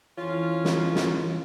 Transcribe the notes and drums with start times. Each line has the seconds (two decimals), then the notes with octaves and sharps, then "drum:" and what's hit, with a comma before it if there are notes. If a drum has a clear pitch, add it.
0.18 F2 E3 C#4 F4
0.65 drum: snare
0.95 drum: snare